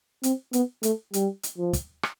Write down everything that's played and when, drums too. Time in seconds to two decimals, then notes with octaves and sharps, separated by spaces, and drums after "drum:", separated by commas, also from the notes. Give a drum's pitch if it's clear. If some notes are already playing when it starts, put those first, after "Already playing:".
0.23 C4, drum: hi-hat
0.53 B3, drum: hi-hat
0.83 A3, drum: hi-hat
1.14 G3, drum: hi-hat
1.43 drum: hi-hat
1.58 F3
1.73 drum: kick, hi-hat
2.03 drum: rim click